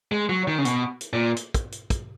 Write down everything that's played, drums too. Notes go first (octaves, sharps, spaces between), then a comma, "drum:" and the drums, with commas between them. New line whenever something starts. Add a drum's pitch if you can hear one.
G#3
F#3
D#3
C#3
B2, drum: hi-hat
drum: hi-hat
A#2
drum: hi-hat
drum: kick, hi-hat
drum: hi-hat
drum: kick, hi-hat